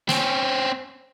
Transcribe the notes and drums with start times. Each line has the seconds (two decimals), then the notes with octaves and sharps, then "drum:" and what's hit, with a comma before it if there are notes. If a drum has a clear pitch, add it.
0.09 C4 C#4, drum: snare